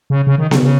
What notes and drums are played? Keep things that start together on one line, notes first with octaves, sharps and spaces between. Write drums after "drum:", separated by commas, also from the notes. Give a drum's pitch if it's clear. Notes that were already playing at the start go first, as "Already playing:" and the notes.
C#3
C#3
D#3
C#3, drum: snare B3
C#3